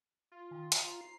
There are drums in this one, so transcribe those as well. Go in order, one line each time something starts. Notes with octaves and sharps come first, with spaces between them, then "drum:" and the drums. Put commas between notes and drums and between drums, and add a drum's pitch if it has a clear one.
F4
D#3
C5 A#5, drum: hi-hat
C7